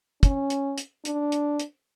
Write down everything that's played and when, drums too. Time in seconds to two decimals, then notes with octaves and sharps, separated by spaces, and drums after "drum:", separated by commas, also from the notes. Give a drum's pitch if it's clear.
0.23 C#4, drum: kick, hi-hat
0.50 drum: hi-hat
0.78 drum: hi-hat
1.05 D4, drum: hi-hat
1.32 drum: hi-hat
1.59 drum: hi-hat